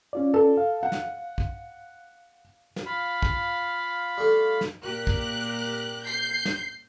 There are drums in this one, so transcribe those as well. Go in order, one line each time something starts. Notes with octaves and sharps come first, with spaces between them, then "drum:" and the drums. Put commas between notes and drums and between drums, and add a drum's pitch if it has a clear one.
C#4 F4 D5
A4
F5
F#5
drum: snare
drum: kick
drum: snare
F4 F5 B5
drum: kick
G3 A3
drum: snare
A#2 G4 A#4 F#6
drum: kick
G6 C7
drum: snare